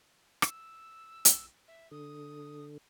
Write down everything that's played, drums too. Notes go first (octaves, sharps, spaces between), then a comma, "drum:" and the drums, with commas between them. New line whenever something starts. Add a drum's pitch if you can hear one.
E6, drum: rim click
drum: hi-hat
E5
D3 D4 A4 D#6